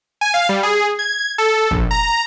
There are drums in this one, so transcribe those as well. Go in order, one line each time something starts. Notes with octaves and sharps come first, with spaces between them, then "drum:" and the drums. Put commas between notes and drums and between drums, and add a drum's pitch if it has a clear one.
G#5
F5
G3
G#4
G#6
A4
A#1, drum: kick
A#5